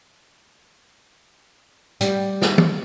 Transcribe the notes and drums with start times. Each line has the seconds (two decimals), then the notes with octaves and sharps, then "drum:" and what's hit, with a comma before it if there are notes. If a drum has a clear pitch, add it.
2.01 G3, drum: hi-hat
2.42 drum: snare
2.58 drum: tom